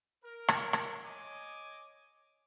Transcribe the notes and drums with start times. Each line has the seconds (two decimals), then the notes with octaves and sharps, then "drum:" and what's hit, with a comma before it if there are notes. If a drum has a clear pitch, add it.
0.24 A#4
0.48 drum: rim click
0.73 drum: rim click
1.03 C#5 D#5 G#5 D6